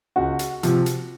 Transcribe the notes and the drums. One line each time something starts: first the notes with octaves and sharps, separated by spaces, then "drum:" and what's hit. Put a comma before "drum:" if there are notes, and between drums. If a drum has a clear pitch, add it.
C#2 F#4
drum: hi-hat
C3 F3, drum: hi-hat
drum: hi-hat